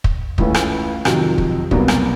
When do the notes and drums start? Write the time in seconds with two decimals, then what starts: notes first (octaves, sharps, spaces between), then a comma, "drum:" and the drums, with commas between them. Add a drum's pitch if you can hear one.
0.04 drum: kick
0.38 C#2 C#3 E3 A3 C#4, drum: kick
0.54 drum: rim click
1.05 F2 C3 D#3 F#3, drum: rim click
1.38 drum: kick
1.71 C2 B2 F#3 A#3, drum: kick
1.88 drum: rim click